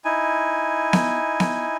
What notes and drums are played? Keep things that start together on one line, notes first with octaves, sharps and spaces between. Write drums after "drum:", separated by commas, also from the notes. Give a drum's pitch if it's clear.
D#4 E4 G#5
drum: snare B3
drum: snare B3